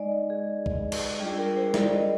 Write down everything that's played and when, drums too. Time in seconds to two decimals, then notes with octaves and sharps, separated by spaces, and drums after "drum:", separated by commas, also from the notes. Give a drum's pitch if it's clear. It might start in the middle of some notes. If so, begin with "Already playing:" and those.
Already playing: G#3 D#4 D5 D#5
0.12 D5
0.30 G#4
0.66 drum: kick
0.92 drum: cymbal
1.20 G3 D4 F4 G#4
1.38 A#4
1.57 C5
1.74 D5, drum: snare
1.93 D#5